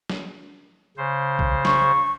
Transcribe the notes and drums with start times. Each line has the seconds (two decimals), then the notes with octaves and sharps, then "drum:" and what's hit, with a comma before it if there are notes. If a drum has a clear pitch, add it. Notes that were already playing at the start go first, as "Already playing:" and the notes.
0.10 drum: snare
0.97 C#3 C5
1.39 drum: kick B1
1.65 C#6, drum: snare